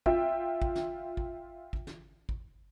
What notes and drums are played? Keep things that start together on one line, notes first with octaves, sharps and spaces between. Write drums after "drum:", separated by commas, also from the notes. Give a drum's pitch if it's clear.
F4 E5 G5, drum: kick
drum: kick
drum: snare
drum: kick
drum: kick
drum: snare
drum: kick